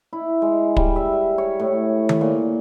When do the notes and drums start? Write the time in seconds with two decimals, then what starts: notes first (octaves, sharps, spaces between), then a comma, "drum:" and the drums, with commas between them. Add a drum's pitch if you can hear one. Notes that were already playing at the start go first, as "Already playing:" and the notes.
0.13 E4
0.42 G#3
0.77 G3, drum: kick
0.96 E5
1.38 C#5
1.60 A2
2.09 drum: tom D#3
2.21 A#2